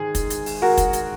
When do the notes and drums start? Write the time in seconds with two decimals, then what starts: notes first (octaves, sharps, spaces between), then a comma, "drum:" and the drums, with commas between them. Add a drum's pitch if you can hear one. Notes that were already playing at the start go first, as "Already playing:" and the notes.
Already playing: G#2 D#3 G#4
0.15 drum: kick, hi-hat
0.30 drum: hi-hat
0.46 drum: open hi-hat
0.62 F#4 A#4
0.78 drum: kick, hi-hat
0.93 drum: hi-hat